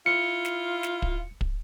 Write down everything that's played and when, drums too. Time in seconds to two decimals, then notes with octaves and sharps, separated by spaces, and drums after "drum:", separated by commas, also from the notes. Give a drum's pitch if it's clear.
0.06 E4 F4 C#7
0.45 drum: snare
0.83 drum: snare
1.02 drum: kick
1.41 drum: kick